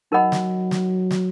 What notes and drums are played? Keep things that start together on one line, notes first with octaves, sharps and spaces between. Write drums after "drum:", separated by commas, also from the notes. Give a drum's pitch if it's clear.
F#3 D#4 A#4 D#5 F#5 B5
drum: snare
drum: snare
drum: snare